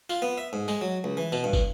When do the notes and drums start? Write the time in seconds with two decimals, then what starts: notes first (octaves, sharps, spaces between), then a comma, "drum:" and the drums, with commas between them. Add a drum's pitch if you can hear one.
0.10 F4, drum: tambourine
0.22 B3
0.38 E5
0.53 G#2
0.68 G#3, drum: tambourine
0.81 F#3
1.04 C#2
1.17 E3
1.32 B2, drum: tambourine
1.44 G2
1.53 drum: kick, tambourine